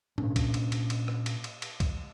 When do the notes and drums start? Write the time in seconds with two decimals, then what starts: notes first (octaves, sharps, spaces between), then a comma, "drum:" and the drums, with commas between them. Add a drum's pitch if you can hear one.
0.18 A#2 C#4 D4, drum: tom G#2
0.36 drum: kick C2, cymbal
0.54 drum: cymbal
0.72 drum: cymbal
0.90 drum: cymbal
1.08 drum: rim click
1.26 drum: cymbal
1.44 drum: cymbal
1.62 drum: cymbal
1.80 drum: kick C2, cymbal